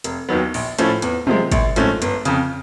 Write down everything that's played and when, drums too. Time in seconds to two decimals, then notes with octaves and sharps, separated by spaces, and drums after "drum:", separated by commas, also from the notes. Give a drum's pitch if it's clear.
0.04 F1, drum: hi-hat
0.29 D#2 D#3 F#3 B3
0.54 A#1, drum: open hi-hat
0.79 A2 F3 A3 C#4, drum: hi-hat
1.02 E2, drum: hi-hat
1.27 C3 F3 G#3, drum: tom
1.52 A#1, drum: kick, hi-hat
1.76 G#2 F3 A3 C#4, drum: hi-hat
2.02 G1, drum: hi-hat
2.25 F2 C#3, drum: hi-hat